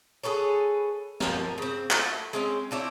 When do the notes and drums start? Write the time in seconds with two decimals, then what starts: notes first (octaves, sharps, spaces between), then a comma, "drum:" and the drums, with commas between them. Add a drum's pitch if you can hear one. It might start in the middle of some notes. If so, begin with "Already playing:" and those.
0.23 G#4 A4 B4 C#5
1.20 F3 A#4, drum: snare
1.58 C#3 C4
1.91 A3, drum: clap
2.33 G#3 C4 C#4
2.71 C4 D4 E4 C#5